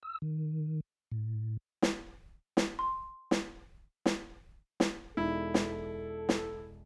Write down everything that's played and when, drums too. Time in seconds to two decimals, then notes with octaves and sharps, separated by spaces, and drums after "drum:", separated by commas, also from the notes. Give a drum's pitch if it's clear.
0.03 E6
0.22 D#3
1.12 A2
1.82 drum: snare
2.57 drum: snare
2.79 C6
3.31 drum: snare
4.06 drum: snare
4.80 drum: snare
5.17 E1 D#4 E4 A4
5.54 drum: snare
6.29 drum: snare